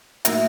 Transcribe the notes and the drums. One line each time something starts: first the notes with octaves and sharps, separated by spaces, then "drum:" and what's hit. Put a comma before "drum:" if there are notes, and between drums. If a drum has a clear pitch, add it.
A2 F#3 A#3 D#4 E5, drum: hi-hat